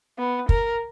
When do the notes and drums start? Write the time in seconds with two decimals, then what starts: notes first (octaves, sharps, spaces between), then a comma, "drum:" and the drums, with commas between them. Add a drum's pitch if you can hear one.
0.18 B3
0.49 A#4, drum: kick